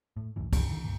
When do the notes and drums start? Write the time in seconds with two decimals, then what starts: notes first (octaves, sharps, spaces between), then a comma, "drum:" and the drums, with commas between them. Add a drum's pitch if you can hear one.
0.17 A2
0.36 C2 F#2 A2 E3
0.53 E2 G2 C3, drum: kick, cymbal
0.70 C2 D3 E3
0.84 C#2 G2 A#2